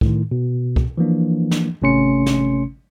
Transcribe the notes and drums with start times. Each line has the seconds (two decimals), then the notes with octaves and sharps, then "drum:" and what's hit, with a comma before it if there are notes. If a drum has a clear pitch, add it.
0.01 A2 D#3, drum: kick
0.31 B2
0.76 drum: kick
0.98 E3 F3 A#3 D4
1.51 drum: snare
1.82 G#1 C3 A3 C#4 C6 C#7
2.26 drum: snare